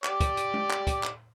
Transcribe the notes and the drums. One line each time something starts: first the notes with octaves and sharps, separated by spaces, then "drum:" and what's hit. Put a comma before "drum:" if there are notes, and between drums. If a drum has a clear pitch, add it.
G4 D5 D6, drum: clap
drum: kick, hi-hat
drum: hi-hat
drum: tom G#3
drum: clap
drum: kick, hi-hat
drum: clap